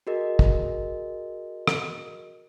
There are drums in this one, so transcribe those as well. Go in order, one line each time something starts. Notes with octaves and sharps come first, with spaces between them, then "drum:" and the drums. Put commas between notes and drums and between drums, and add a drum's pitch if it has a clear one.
F#4 G#4 A#4 D#5
drum: kick
drum: rim click